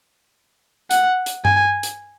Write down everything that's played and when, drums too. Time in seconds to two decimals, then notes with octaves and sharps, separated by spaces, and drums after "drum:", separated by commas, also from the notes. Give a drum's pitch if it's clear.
0.91 F#5, drum: hi-hat
1.26 drum: hi-hat
1.45 G#5, drum: tom G2
1.83 drum: hi-hat